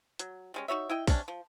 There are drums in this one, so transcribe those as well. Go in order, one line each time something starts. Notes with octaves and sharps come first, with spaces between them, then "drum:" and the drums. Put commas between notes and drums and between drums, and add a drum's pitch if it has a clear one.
F#3, drum: hi-hat
G3 G#3 C#4
D#4 F#4 C#5 E5
E4 D#5 G5
C3 C#4 D4, drum: kick A#1, open hi-hat
F3